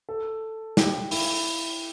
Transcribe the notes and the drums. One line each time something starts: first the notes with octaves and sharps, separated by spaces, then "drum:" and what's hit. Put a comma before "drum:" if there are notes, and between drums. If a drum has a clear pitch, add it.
A4
G4, drum: snare
E4, drum: open hi-hat